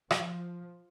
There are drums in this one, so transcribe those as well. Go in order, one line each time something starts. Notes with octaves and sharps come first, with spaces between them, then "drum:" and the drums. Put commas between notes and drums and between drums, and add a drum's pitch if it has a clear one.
F3, drum: rim click